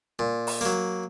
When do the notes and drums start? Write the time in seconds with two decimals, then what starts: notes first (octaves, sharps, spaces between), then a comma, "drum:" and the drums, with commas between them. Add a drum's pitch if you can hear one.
0.19 A#2
0.47 drum: open hi-hat
0.61 F#3 A#3